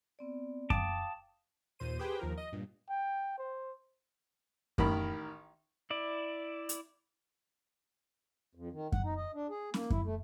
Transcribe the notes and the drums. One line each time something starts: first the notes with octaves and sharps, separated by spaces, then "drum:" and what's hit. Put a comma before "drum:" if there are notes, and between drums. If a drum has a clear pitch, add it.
B3 C4 D5
F5 G5 A5 D6 D#6, drum: kick F#2
D#2 A#2 C5 D#7
G4 G#4 B4 C5 G5
D#2 F3 A#4
D#5
G2 A#2
G5
C5
A1 D#3 A#4 B5, drum: kick F#2
E4 D5
drum: hi-hat
F2
D#3
F#5, drum: kick F#2
D#4
D#5
D4
G#4
A#3, drum: snare C#4
E4, drum: kick F#2
A3